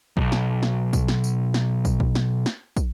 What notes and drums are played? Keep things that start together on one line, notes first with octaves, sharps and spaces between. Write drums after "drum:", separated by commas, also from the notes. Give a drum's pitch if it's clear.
B1 F2, drum: kick
drum: snare
drum: snare
drum: kick, tambourine
drum: snare
drum: tambourine
drum: snare
drum: kick, tambourine
drum: kick
drum: snare
drum: snare
drum: kick, tambourine